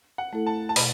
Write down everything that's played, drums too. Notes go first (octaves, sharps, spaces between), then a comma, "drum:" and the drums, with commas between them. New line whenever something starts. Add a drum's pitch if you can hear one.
F#5
A3 E4 A4
A5
A5
B2 B5, drum: open hi-hat